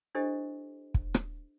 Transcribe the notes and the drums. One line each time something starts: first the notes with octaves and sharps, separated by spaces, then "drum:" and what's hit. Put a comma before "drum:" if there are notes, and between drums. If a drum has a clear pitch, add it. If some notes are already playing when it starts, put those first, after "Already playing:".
D4 E4 G4 A4 C5 D#5
drum: kick
drum: rim click